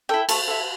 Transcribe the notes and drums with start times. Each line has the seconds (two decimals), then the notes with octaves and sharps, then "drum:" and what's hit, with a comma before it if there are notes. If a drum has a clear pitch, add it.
0.09 E4 A4 G5
0.29 A3 A5, drum: cymbal
0.48 E4 A4